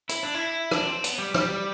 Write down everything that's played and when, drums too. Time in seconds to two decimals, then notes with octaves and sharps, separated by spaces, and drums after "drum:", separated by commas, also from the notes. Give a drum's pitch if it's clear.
0.09 E4, drum: hi-hat
0.23 D4
0.35 E4
0.71 D4, drum: rim click
0.87 C4
1.04 B3, drum: hi-hat
1.18 G3
1.34 G3, drum: rim click